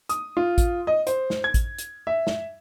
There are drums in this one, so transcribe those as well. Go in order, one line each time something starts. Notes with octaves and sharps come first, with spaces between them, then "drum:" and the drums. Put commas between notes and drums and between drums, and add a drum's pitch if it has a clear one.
D#6, drum: hi-hat
F4
drum: kick A1, hi-hat
D#5
C5, drum: hi-hat
drum: snare
G#6
drum: kick A1, hi-hat
drum: hi-hat
E5
drum: snare